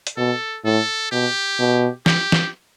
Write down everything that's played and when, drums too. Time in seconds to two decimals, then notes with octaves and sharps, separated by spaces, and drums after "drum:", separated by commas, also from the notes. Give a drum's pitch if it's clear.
0.07 drum: hi-hat
0.17 B2 A4
0.65 A2 A4
1.12 B2 G4
1.59 B2
2.06 G4, drum: snare
2.32 drum: snare